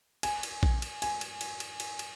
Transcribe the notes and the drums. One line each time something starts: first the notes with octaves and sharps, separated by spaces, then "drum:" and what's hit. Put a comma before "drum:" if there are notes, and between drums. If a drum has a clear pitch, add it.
G#5, drum: cymbal
drum: cymbal
drum: kick A#1
drum: cymbal
G#5, drum: cymbal
drum: cymbal
drum: cymbal
drum: cymbal
drum: cymbal
drum: cymbal